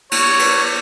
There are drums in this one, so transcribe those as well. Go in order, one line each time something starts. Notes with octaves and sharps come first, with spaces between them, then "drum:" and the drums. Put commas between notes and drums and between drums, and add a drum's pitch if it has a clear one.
C#5, drum: cymbal
drum: cymbal